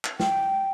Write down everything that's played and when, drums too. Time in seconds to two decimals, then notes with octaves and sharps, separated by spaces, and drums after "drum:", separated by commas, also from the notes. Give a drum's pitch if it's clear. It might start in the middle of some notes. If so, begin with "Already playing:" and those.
0.05 drum: clap
0.20 G5, drum: snare